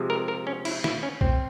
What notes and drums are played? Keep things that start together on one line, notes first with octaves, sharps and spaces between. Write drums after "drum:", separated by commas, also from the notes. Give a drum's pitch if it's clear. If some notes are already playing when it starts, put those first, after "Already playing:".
Already playing: C3 F3 G#3
A#4
A#4
C#4
E4, drum: cymbal
E4, drum: snare
C#4
C4, drum: kick B1